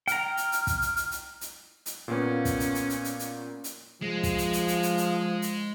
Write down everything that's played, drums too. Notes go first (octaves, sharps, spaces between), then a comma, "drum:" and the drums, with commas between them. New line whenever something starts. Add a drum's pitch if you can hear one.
G5 A#5 F6, drum: hi-hat
drum: hi-hat
drum: hi-hat
drum: kick, hi-hat
drum: hi-hat
drum: hi-hat
drum: hi-hat
drum: hi-hat
drum: hi-hat
A#2 A#3 B3 C#4
drum: kick, hi-hat
drum: hi-hat
drum: hi-hat
drum: hi-hat
drum: hi-hat
drum: hi-hat
drum: hi-hat
F3 G#3
drum: kick, hi-hat
drum: hi-hat
drum: hi-hat
drum: hi-hat
drum: hi-hat
drum: hi-hat
drum: hi-hat